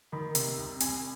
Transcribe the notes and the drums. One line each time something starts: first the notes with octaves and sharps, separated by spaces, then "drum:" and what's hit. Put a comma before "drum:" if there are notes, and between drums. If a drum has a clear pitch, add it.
D#3 B5
C3, drum: hi-hat
C2
C2 G#5, drum: hi-hat